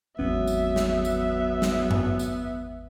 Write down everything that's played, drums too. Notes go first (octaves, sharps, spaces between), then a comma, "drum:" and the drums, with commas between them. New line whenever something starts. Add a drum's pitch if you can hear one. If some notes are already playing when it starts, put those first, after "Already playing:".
G#1 E2 F#3 B3 C#4 E5
drum: tambourine
drum: snare
drum: tambourine
drum: snare
drum: tom F#2
drum: tambourine